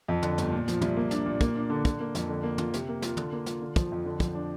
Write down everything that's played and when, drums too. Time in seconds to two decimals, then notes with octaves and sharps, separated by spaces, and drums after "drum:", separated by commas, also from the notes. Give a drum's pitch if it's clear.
0.08 F2
0.23 D3, drum: tom
0.38 G1, drum: snare
0.52 A#2
0.68 F3, drum: snare
0.81 C2, drum: tom
0.97 A#3
1.11 D4, drum: snare
1.26 A#2
1.41 A#3, drum: kick
1.56 D4
1.70 D3
1.85 D3, drum: kick
2.00 A#3
2.15 F2, drum: snare
2.29 D3
2.43 A#3
2.58 F4, drum: tom
2.74 C3, drum: snare
2.89 A#3
3.02 F4, drum: snare
3.17 D3, drum: tom
3.33 A#3
3.46 F4, drum: snare
3.62 D3
3.76 F3, drum: kick
3.92 F2
4.05 D3
4.20 F3, drum: kick
4.35 D4